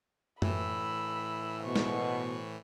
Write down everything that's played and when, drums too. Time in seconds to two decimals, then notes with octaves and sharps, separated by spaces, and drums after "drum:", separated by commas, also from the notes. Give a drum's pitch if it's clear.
0.42 A2 E3 B5 E6, drum: tom F#2
1.64 B2 C5 C#6
1.76 drum: snare